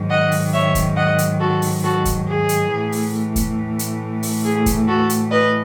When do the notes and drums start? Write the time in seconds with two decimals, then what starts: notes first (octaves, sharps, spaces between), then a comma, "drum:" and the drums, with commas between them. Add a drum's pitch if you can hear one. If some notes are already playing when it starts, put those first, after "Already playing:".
Already playing: G#2 D#3 F#3
0.10 D#5 F#5
0.32 drum: open hi-hat
0.53 C#5 E5
0.75 drum: kick E2, hi-hat
0.96 D#5 F#5
1.18 drum: hi-hat
1.40 F#4 A4
1.62 drum: open hi-hat
1.83 F#4 A4
2.05 drum: kick E2, hi-hat
2.27 G#4
2.49 drum: hi-hat
2.71 A2 E3 A3
2.92 drum: open hi-hat
3.36 drum: kick E2, hi-hat
3.79 drum: hi-hat
4.23 drum: open hi-hat
4.44 G#4
4.66 drum: kick E2, hi-hat
4.88 F#4 A4
5.10 drum: hi-hat
5.31 B4 D#5